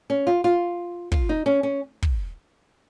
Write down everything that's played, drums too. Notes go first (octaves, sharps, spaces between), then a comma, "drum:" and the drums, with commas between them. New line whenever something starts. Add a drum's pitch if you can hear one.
C#4
F4
F4
F4, drum: kick
D#4
C#4
C#4
drum: kick